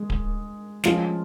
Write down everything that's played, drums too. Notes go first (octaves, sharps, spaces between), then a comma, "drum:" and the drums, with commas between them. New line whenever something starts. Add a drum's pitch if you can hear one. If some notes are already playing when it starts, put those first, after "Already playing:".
Already playing: G#3
drum: kick D1
F3 G#3 C#4 F4, drum: snare